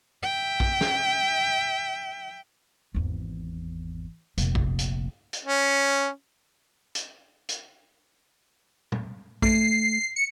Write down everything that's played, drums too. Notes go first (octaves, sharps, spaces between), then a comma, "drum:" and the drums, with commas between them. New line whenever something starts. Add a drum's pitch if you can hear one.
E5 G5
drum: kick A#1
drum: snare
G#1 E2
F1 A#1, drum: hi-hat
drum: kick A#1
drum: hi-hat
drum: hi-hat
C#4
drum: hi-hat
drum: hi-hat
drum: tom
A3 C7, drum: kick A#1
C#7